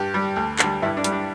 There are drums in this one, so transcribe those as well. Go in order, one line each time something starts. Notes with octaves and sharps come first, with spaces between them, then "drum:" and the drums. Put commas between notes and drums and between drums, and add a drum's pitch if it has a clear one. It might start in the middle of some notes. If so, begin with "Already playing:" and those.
Already playing: G2 G4
G3
D2
D3 G3, drum: clap
G2 E4
D4
G3, drum: hi-hat
D4